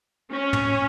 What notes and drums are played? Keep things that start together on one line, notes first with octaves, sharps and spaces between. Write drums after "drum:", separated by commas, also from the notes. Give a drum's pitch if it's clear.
C#4
drum: tom